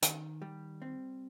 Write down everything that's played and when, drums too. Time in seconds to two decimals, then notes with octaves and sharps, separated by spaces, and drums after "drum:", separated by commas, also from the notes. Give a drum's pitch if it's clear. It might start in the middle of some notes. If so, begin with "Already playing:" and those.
0.02 D#3, drum: hi-hat
0.42 G3
0.82 C4